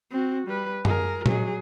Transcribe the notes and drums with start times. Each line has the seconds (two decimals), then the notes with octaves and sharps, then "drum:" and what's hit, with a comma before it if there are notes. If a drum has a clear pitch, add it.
0.11 C4 F#4
0.47 G3 B4
0.85 G#4 A#4, drum: tom F#2
1.26 F#3 G#4, drum: tom A#2